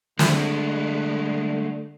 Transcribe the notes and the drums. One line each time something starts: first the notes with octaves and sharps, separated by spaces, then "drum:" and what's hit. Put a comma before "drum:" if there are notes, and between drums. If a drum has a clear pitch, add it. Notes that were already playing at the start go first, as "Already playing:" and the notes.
D3 G#3 A3, drum: snare